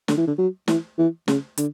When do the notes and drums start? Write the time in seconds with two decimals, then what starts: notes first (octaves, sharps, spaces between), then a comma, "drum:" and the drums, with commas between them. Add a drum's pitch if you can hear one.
0.08 D3, drum: snare
0.17 E3
0.27 D3
0.38 F#3
0.68 E3, drum: snare
0.98 E3
1.28 C#3, drum: snare
1.58 D3, drum: hi-hat